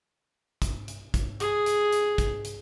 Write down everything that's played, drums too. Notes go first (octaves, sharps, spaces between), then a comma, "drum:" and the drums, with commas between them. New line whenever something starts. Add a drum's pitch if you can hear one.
drum: kick, hi-hat
drum: hi-hat
drum: kick, hi-hat
G#4, drum: hi-hat
drum: hi-hat
drum: hi-hat
drum: kick, hi-hat
drum: hi-hat